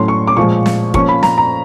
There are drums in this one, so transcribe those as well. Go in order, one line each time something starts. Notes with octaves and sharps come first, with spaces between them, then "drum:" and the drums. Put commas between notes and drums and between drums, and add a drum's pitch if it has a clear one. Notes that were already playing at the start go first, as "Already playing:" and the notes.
Already playing: A2 F#3 A3 C#4 C6
C#6
D6
A#2 F3 G#3 C#6
drum: snare
F3 A#3 C#4 C#6, drum: kick
B5
A#5, drum: snare
A#5